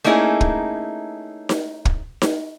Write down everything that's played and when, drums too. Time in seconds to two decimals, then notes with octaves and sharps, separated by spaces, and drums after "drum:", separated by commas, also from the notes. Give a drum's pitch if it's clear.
0.04 A3 A#3 C#4 D#4 E4 G#4
0.41 drum: kick
1.49 drum: snare D#4
1.85 drum: kick
2.22 drum: snare D#4